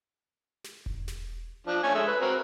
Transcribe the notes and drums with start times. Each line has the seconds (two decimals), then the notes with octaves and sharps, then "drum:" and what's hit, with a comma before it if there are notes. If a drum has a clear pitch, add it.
0.64 drum: snare
0.86 drum: kick E1
1.08 drum: snare
1.67 F3 D4
1.83 A3 C#5 G#5
1.94 G#3 A4 E5
2.07 B4
2.21 C4 F#4 A#4